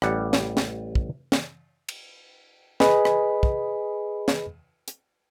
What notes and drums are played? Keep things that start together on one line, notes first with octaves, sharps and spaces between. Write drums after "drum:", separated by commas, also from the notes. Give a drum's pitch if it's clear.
A1 G3 F#5, drum: rim click
drum: snare
drum: snare
drum: kick
drum: snare
drum: cymbal
G#4 B4 D#5 G#5 B5, drum: snare
drum: rim click
drum: kick
drum: snare
drum: hi-hat